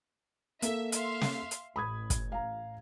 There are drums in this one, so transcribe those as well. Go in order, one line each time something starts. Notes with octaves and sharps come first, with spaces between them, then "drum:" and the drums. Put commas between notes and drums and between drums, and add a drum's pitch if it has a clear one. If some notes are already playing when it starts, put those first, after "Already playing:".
A#3 A4 E5, drum: hi-hat
E5 F5 C6, drum: hi-hat
drum: snare
drum: hi-hat
A1 B5 D#6 G#6
drum: kick, hi-hat
F5 A#5